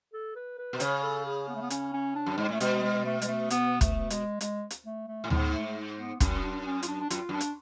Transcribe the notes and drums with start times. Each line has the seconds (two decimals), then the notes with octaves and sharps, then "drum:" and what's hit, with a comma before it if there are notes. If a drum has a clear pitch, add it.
0.13 A4
0.36 B4
0.59 B4
0.73 B2
0.80 C#3 C#5, drum: hi-hat
1.03 A4
1.25 G#4
1.48 B3
1.55 A3
1.62 B3
1.70 C#4, drum: hi-hat
1.93 C#4
2.15 D4
2.26 F#2
2.38 G#2 G#3
2.49 A2 A3
2.60 B2 G#3, drum: hi-hat
2.83 G#3
3.06 A3
3.22 G#3, drum: hi-hat
3.28 A3
3.50 B3, drum: hi-hat
3.81 A3, drum: kick, hi-hat
4.10 G#3, drum: hi-hat
4.41 G#3, drum: hi-hat
4.70 drum: hi-hat
4.86 A3
5.08 A3
5.24 A2
5.30 G#2 B3, drum: tom D2
5.53 A3
5.98 B3
6.20 F#2 C#4, drum: kick, hi-hat
6.43 D4
6.66 C#4
6.83 F4, drum: hi-hat
6.88 D4
7.01 D4
7.10 F#2 F4, drum: hi-hat
7.29 F#2 D4
7.40 drum: hi-hat